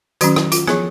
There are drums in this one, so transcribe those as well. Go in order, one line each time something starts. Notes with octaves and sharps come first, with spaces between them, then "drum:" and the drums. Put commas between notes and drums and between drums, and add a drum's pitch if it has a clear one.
D#3 F#3 C#4 F#4, drum: hi-hat
drum: rim click
F4, drum: hi-hat
F3 B3 G#4, drum: rim click